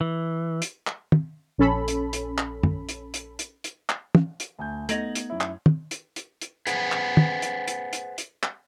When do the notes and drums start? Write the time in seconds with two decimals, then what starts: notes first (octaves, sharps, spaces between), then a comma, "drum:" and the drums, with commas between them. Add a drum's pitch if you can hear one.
0.01 E3
0.62 drum: hi-hat
0.87 drum: clap
1.12 drum: tom
1.58 A#1 C#4 A4 B5
1.88 drum: hi-hat
2.13 drum: hi-hat
2.38 drum: clap
2.63 drum: tom
2.89 drum: hi-hat
3.14 drum: hi-hat
3.39 drum: hi-hat
3.64 drum: hi-hat
3.89 drum: clap
4.15 drum: tom
4.40 drum: hi-hat
4.59 D2 A3 G#5 G6
4.89 A3 B3 D#4 D#5 F#5 G#6 F7 F#7, drum: hi-hat
5.15 drum: hi-hat
5.30 F#2 E4
5.41 drum: clap
5.66 drum: tom
5.91 drum: hi-hat
6.16 drum: hi-hat
6.41 drum: hi-hat
6.67 G#4 B4 C5 F#5, drum: hi-hat
6.92 drum: clap
7.17 drum: tom
7.42 drum: hi-hat
7.68 drum: hi-hat
7.93 drum: hi-hat
8.18 drum: hi-hat
8.43 drum: clap